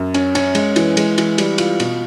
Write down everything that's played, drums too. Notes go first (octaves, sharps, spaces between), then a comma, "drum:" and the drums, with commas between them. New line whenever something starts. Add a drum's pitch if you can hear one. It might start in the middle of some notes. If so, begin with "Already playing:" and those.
Already playing: F#2
C#4, drum: cymbal
C#4, drum: cymbal
G#3, drum: cymbal
E3, drum: cymbal
G#3, drum: cymbal
E3, drum: cymbal
G3, drum: cymbal
F4, drum: cymbal
B2, drum: cymbal